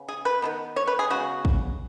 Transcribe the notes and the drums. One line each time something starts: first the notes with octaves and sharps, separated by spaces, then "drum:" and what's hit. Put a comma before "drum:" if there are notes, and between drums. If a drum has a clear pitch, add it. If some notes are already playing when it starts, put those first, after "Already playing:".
Already playing: C#3 B3
G#4
B4
D#3 F#3 B3
C#5
B4
G#4
C#3 G#3 B3 F#4
drum: kick